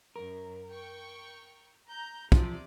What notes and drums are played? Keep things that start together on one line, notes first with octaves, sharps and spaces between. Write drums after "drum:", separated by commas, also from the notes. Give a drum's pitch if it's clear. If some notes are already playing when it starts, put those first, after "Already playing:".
F#2 A#4
G5 C#6
A#5 G6
C3 F3 D5, drum: kick